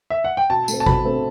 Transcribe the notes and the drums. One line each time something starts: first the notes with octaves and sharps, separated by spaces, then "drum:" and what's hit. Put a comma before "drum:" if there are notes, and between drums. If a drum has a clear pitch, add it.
E5
F#5
G5
B2 A5
A3 C4, drum: tambourine
A5
B2 B5, drum: kick G#1
A3 C4